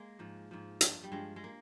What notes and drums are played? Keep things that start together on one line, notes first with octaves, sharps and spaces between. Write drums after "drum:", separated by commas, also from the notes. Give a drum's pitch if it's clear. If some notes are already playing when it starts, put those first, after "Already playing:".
Already playing: G#3 A#3
G#2 F3
G#2 F3
G2 F3, drum: hi-hat
G3
G2 F3 G#3
G#3
A#3